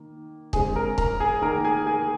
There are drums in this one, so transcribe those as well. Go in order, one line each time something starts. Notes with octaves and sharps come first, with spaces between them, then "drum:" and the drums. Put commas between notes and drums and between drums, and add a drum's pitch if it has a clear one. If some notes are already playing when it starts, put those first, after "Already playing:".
Already playing: D#3 A#3
D3 G#3 C4 G#4 G#5, drum: kick
A#4 A#5
A#4 A#5, drum: kick
G#4 G#5
D#3 A#3 A#4 A#5
G#4 G#5
G#4 G#5